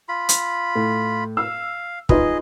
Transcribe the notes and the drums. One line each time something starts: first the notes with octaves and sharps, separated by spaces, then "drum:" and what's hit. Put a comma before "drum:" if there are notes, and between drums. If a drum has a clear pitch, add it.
F4 B5
drum: hi-hat
A2
F5 E6
D#4 F4 G#4 B4 D#5, drum: kick